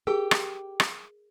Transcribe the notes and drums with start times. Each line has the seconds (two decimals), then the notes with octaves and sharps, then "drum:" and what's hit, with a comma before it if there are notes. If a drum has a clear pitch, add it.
0.07 G4 G#4 A#4 G5
0.31 drum: rim click
0.80 drum: rim click